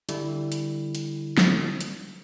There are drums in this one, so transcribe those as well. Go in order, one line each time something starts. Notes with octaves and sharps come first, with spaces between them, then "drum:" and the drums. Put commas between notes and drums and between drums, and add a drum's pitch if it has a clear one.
D3 G3 E4, drum: hi-hat
drum: hi-hat
drum: hi-hat
drum: snare
drum: hi-hat